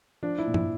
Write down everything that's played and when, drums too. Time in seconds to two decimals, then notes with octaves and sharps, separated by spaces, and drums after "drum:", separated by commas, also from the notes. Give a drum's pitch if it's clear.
0.23 F3 D4
0.38 E4
0.47 A#2
0.54 E4, drum: tom